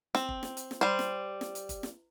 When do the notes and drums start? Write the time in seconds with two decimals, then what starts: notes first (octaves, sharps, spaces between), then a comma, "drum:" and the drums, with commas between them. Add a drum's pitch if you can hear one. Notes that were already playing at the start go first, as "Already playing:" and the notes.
0.15 C4, drum: snare
0.29 drum: kick
0.43 drum: snare
0.57 drum: hi-hat
0.71 drum: snare
0.81 G3 C5
0.99 drum: snare
1.41 drum: snare
1.55 drum: hi-hat
1.69 drum: kick, hi-hat
1.83 drum: snare